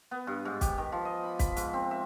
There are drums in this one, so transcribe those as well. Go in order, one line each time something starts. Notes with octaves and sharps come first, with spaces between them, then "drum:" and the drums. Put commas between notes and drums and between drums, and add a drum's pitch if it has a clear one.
B3
G2
G#2
G4, drum: kick, hi-hat
D#3
F3
D#5
B5
B5, drum: kick, hi-hat
G#2, drum: hi-hat
C4
E5